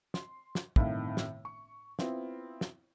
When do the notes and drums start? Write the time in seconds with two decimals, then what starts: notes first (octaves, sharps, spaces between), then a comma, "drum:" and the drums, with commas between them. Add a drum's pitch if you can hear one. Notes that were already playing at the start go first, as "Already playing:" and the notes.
0.14 C6, drum: snare
0.55 drum: snare
0.76 G1 A2 C3 D#3 E4 F5, drum: kick
1.17 drum: snare
1.45 C#6
1.99 B3 C4 E4 F4, drum: snare
2.61 drum: snare